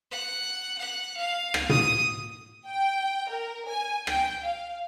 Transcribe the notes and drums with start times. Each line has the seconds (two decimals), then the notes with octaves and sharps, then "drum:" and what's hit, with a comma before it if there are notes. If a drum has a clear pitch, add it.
0.12 F#5
0.78 F#5
1.17 F5
1.54 drum: rim click
1.69 D#6, drum: tom
2.68 G5
3.29 A#4
3.69 G#5
4.07 G5, drum: rim click
4.44 F5